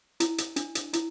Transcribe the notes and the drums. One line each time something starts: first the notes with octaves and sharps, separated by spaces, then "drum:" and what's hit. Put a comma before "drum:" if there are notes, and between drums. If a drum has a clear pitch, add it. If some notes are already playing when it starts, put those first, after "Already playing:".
E4, drum: hi-hat
drum: hi-hat
D4, drum: hi-hat
drum: hi-hat
E4, drum: hi-hat